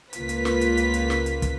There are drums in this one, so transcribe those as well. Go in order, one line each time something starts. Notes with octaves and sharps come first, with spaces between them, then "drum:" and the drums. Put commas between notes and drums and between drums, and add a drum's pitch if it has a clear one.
C#2 A#3 F4 B4 B6, drum: hi-hat
drum: hi-hat
drum: snare
drum: hi-hat
drum: hi-hat
drum: hi-hat
drum: snare
drum: hi-hat
drum: kick, hi-hat